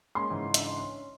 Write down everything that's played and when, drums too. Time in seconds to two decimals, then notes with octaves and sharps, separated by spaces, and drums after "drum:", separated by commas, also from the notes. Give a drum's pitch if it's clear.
0.15 G#3 A#3 C#4 C6
0.30 G#2 C#3 E3
0.54 D4 E5, drum: hi-hat
0.80 C#4